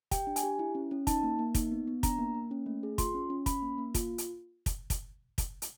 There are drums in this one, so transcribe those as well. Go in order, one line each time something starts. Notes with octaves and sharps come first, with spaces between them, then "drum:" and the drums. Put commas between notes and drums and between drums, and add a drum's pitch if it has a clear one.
G4 G5, drum: kick, hi-hat
D4
G#5, drum: hi-hat
G4
E4
C#4
C#4
D#4 A5, drum: kick, hi-hat
A#3
A#3
D#4, drum: kick, hi-hat
B3
B3
D4 A#5, drum: kick, hi-hat
A#3
A#3
C#4
A3
G#4
F4 C6, drum: kick, hi-hat
C#4
C#4
C#4 B5, drum: kick, hi-hat
A#3
A#3
F4, drum: kick, hi-hat
drum: hi-hat
drum: kick, hi-hat
drum: kick, hi-hat
drum: kick, hi-hat
drum: hi-hat